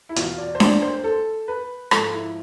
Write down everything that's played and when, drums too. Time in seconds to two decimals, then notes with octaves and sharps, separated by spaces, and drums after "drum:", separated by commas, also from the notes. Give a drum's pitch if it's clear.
0.09 E4
0.16 E2 B2 F4, drum: hi-hat
0.38 D5
0.55 C5
0.60 D5, drum: snare D4
0.82 C5
1.04 A4
1.48 B4
1.91 G#2 F3 A4, drum: rim click
2.13 E4